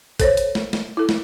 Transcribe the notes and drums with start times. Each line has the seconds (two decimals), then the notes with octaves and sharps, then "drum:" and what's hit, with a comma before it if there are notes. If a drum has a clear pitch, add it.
0.20 A4 C5 C#5, drum: kick A1, hi-hat
0.37 drum: hi-hat
0.55 drum: snare
0.73 drum: snare
0.97 E4 A4
1.09 drum: snare